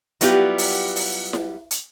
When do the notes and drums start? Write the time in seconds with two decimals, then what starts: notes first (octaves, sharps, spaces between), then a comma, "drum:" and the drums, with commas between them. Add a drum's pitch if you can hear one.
0.21 F#3 G3 B3 E4 F4 G4, drum: hi-hat
0.58 drum: open hi-hat
0.96 drum: open hi-hat
1.33 drum: snare E4
1.71 drum: hi-hat